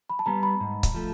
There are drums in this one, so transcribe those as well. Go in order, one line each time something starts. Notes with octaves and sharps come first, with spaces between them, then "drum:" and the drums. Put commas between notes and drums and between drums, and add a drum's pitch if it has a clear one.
B5
A5
G3 B3 A#5
B5
G#2
drum: kick C#1, hi-hat
F3 A3